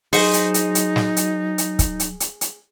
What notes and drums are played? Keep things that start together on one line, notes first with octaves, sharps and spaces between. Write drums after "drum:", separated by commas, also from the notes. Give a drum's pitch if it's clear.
F#3 D#4 G#4 C5 D#5 C#6, drum: open hi-hat
drum: hi-hat
drum: hi-hat
drum: hi-hat
drum: snare
drum: hi-hat
drum: hi-hat
drum: kick, hi-hat
drum: hi-hat
drum: hi-hat
drum: hi-hat